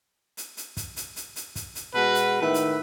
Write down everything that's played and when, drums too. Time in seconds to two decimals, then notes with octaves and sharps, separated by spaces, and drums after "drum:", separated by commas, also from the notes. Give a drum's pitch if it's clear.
0.37 drum: hi-hat
0.57 drum: hi-hat
0.77 drum: kick, hi-hat
0.96 drum: hi-hat
1.16 drum: hi-hat
1.36 drum: hi-hat
1.56 drum: kick, hi-hat
1.75 drum: hi-hat
1.95 B2 G#3 F#4 B4
2.15 drum: hi-hat
2.41 A2 D#3 B4 E5
2.54 drum: hi-hat